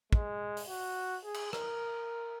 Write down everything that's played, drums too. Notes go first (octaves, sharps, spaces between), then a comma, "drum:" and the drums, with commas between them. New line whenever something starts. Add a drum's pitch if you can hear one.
G#3, drum: kick
drum: open hi-hat
F#4
G#4
drum: cymbal
A#4, drum: rim click